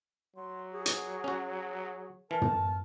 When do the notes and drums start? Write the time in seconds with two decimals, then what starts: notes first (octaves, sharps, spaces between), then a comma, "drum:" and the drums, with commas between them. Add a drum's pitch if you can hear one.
0.36 F#3 C6
0.74 G#4 C#6
0.86 drum: hi-hat
1.24 C#4 F#4
2.31 E3 A#4 A5 F6
2.42 drum: tom